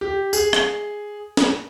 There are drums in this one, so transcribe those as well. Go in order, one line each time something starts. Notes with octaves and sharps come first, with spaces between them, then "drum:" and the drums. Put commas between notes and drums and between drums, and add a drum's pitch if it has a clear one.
G4
G#4, drum: tambourine
drum: rim click
drum: snare